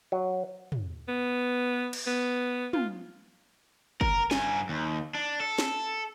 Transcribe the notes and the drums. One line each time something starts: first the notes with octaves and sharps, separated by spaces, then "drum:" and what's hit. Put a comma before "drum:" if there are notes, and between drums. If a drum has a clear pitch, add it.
F#3
drum: tom
B3
drum: cymbal
B3
F4, drum: tom
A#4, drum: kick
G2 G#5, drum: snare
D#2
D4
A4
drum: snare